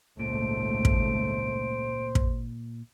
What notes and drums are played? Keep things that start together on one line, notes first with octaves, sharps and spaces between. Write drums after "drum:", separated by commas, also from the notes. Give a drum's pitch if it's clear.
G#1 C#2 A#2 A3 C5 D7
drum: kick
drum: kick